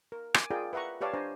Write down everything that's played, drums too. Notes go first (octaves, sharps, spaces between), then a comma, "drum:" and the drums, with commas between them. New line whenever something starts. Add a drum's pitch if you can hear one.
A#4
G#5 D6, drum: rim click
F4 G#4 A#4 D5 G5
B4 E5 F#5 A#5 C#6
G4 B4 C#5 D5 F5 A5
D4 C5 G#5 A#5 C6